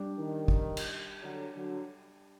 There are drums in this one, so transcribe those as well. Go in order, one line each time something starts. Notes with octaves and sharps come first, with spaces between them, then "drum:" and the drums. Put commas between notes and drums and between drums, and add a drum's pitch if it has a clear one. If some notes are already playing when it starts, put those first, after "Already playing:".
Already playing: G3 D4 G4
D#3
drum: kick
drum: cymbal
D3 F#3
D3 F#3